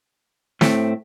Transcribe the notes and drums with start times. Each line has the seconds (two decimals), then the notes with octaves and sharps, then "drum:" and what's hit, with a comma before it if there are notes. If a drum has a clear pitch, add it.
0.61 A2 A3 C4, drum: snare